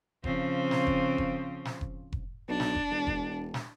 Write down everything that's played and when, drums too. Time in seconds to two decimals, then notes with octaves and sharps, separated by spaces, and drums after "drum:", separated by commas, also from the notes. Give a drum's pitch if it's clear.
0.24 C#3 F3 C4, drum: kick F1
0.71 drum: snare
0.87 drum: kick F1
1.18 drum: kick F1
1.65 drum: snare
1.81 drum: kick F1
2.12 drum: kick F1
2.48 B1 D4
2.60 drum: snare
2.75 drum: kick F1
2.90 E1
3.07 drum: kick F1
3.54 drum: snare